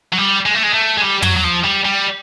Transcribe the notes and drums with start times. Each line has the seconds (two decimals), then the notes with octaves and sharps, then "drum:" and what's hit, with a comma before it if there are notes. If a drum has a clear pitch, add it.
0.13 F#3
0.18 G3
0.46 G#3
0.55 A3
0.63 G#3
0.74 A3
0.97 G#3
1.02 G3
1.22 F#3, drum: tom
1.36 F#3
1.44 F3
1.64 G3
1.85 G3